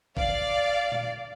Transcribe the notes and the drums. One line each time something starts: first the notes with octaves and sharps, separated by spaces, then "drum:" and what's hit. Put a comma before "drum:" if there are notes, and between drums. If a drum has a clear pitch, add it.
D5 F5, drum: kick
drum: tom A#2